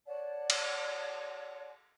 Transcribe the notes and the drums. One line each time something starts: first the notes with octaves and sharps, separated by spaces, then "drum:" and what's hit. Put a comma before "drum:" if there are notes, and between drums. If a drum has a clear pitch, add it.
C#5 D5 F#5 A5
drum: cymbal